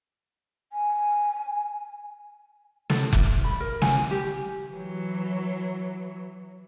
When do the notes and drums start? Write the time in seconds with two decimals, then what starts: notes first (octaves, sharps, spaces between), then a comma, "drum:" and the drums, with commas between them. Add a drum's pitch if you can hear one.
0.73 G#5
2.90 A4, drum: snare
3.13 E4, drum: kick F1
3.44 B5
3.60 A#4
3.82 G#5, drum: snare
4.11 G4
4.70 E3 F#3